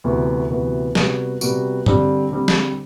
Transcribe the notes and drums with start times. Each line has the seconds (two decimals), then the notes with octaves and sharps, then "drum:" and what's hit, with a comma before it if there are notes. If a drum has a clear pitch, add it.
0.04 D2 C3 E3 B3 F#4
0.50 D2 C3 E3 B3 F#4
0.95 C3 G3 B3 F#4, drum: snare
1.41 C3 G3 B3 F#4, drum: tambourine
1.86 D3 G3 C4, drum: tom G2
2.31 D3 G3 C4
2.48 drum: snare